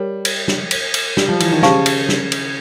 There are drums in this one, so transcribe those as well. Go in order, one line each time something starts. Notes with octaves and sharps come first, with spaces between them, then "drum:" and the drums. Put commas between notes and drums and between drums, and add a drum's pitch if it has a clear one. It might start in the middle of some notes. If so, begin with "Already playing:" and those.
Already playing: G3 A#4 C#5
drum: cymbal
drum: snare
drum: cymbal
drum: cymbal
G3, drum: snare
F3
E3, drum: cymbal
D#3
C#3 G4 C5 F5 A5 C#6, drum: snare
drum: cymbal
drum: snare
drum: cymbal